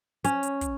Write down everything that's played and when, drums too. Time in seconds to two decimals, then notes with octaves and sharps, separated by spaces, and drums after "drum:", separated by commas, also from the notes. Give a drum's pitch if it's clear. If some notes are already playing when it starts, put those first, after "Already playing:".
0.24 C#4, drum: hi-hat
0.43 drum: hi-hat
0.61 drum: kick, hi-hat